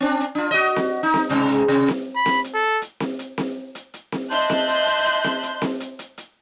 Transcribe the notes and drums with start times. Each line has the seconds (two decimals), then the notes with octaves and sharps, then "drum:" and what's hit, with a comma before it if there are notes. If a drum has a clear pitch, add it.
0.01 C4 D4
0.20 drum: hi-hat
0.35 D4 F4
0.51 F#4 D#5
0.76 drum: snare C4
1.03 D#4
1.14 drum: snare C4
1.29 G#2 C3 G#3, drum: hi-hat
1.51 drum: hi-hat
1.68 C3, drum: hi-hat
1.88 drum: snare C4
2.16 B5
2.26 drum: snare C4
2.44 drum: hi-hat
2.54 A4
2.82 drum: hi-hat
3.00 drum: snare C4
3.19 drum: hi-hat
3.38 drum: snare C4
3.75 drum: hi-hat
3.94 drum: hi-hat
4.12 drum: snare C4
4.31 D#5 E5 A5 C6 F#6 G6, drum: hi-hat
4.50 drum: snare C4
4.68 drum: hi-hat
4.87 drum: hi-hat
5.06 drum: hi-hat
5.24 drum: snare C4
5.43 drum: hi-hat
5.62 drum: snare C4
5.80 drum: hi-hat
5.99 drum: hi-hat
6.18 drum: hi-hat